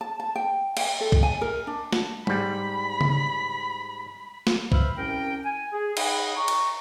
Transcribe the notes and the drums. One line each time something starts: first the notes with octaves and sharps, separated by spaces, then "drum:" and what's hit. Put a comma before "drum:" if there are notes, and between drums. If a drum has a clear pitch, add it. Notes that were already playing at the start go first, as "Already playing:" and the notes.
A5
A5
G5
G5, drum: cymbal
A4
drum: kick
G#5
A#4
D4
drum: snare
G#2 G3 B5, drum: tom G3
drum: tom C#3
drum: snare
B4 C5 E5 F5 B5, drum: kick
C2 C#4 A#4 G5
G#5
G#4
D#4 G#4 D#5 F#5 B5, drum: cymbal
A#5 C#6
drum: cymbal